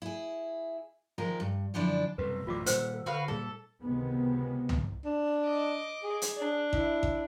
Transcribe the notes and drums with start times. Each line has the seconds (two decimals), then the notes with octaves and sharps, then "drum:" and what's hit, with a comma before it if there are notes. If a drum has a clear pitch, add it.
0.02 E4 G#4
1.18 D#3 F3 G#3 A#4
1.40 G2
1.74 F#2 D3 F3 D4 E4
2.18 C2 F#2 B2 A4 B4
2.47 A1 F#2 B2 F4 D5 D6
2.66 A#2 D#3 G3 C5 F#5, drum: hi-hat
3.06 D3 F#4 B4 F5
3.28 A#2 G3 G#4 A4
3.81 C#2 C3 D#3 G#3 B3
4.69 drum: tom C2
5.05 D4
5.45 D#5 D6
6.03 G#4
6.22 drum: hi-hat
6.38 D4
6.73 E4, drum: kick A1
7.03 drum: kick A1